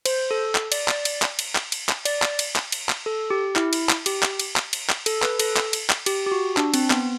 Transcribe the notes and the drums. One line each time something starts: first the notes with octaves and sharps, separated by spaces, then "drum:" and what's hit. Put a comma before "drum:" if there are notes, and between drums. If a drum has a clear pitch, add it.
C5, drum: cymbal
A4
drum: clap
D5, drum: cymbal
D5, drum: clap
drum: cymbal
drum: clap
drum: cymbal
drum: clap
drum: cymbal
drum: clap
D5, drum: cymbal
drum: clap
drum: cymbal
drum: clap
drum: cymbal
drum: clap
A4
G4
E4, drum: clap
drum: cymbal
drum: clap
G4, drum: cymbal
drum: clap
drum: cymbal
drum: clap
drum: cymbal
drum: clap
A4, drum: cymbal
B4, drum: clap
A4, drum: cymbal
drum: clap
drum: cymbal
drum: clap
G4, drum: cymbal
G4
F#4
D4, drum: clap
C4, drum: cymbal
B3, drum: clap